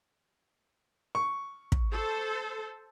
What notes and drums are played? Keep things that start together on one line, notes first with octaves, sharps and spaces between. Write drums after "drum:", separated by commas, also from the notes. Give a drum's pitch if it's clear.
C#6
drum: kick
A4 C5